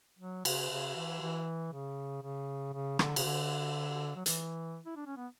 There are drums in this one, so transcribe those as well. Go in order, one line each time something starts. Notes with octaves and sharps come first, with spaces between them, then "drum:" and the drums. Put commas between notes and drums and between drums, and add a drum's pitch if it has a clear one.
F#3
C#3, drum: cymbal
C#3
E3
E3
C#3
C#3
C#3
D3, drum: rim click
C#3, drum: cymbal
D3
F#3
E3, drum: hi-hat
E4
D4
C#4
B3